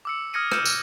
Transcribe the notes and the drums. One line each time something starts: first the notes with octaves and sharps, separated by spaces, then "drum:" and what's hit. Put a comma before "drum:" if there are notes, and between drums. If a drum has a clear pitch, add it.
D6 E6 C#7
D#6 F6 G#6 A#6 C#7 D#7
E6 F6 G6 C#7 D#7 E7, drum: rim click
drum: tambourine